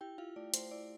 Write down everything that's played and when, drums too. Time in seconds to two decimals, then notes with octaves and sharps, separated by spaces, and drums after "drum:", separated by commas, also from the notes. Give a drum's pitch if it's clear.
0.01 E4 G4 G5
0.18 E4 F4 F5
0.36 A3 D5
0.54 A3 C5, drum: hi-hat
0.71 E4 D5